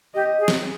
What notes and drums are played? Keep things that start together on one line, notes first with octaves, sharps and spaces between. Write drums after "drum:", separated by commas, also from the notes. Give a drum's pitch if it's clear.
G4 D#5
G#4
drum: snare